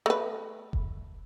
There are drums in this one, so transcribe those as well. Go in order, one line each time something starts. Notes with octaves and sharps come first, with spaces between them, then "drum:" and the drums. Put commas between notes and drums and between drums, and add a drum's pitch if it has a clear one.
A3 B4
drum: kick F1